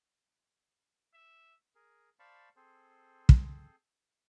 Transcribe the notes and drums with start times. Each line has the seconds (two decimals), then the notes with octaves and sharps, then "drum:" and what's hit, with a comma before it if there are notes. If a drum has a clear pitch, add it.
1.14 E5
1.75 G#4 A#4
2.19 C5 D5 F5 A5 B5 C#6
2.56 C4 G#4 A4 C5
3.29 drum: kick